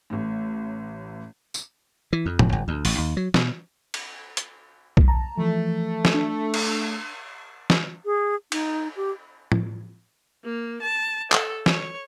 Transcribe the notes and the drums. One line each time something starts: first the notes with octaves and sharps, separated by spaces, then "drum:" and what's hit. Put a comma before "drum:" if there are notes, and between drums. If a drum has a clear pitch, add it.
A1 A2
drum: tambourine
E3
F2
E1, drum: tom
G1
D2
A1, drum: open hi-hat
D#2
F#3
B2, drum: snare
drum: cymbal
drum: hi-hat
drum: kick
A5 A#5
E3 F3 A3
drum: snare
D4
drum: cymbal
drum: snare
G#4
D#4, drum: cymbal
G4
drum: tom
A#3
A5
A4, drum: clap
C#5, drum: snare